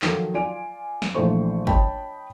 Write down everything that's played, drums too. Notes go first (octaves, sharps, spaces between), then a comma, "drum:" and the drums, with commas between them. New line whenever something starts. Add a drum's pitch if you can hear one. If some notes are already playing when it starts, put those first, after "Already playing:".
D#3 F3 F#3 A4, drum: clap
F4 D5 G#5 D7
drum: snare
A#1 E3 F3 A3 C5 C#6
C#5 D#5 G5 A5 B5, drum: kick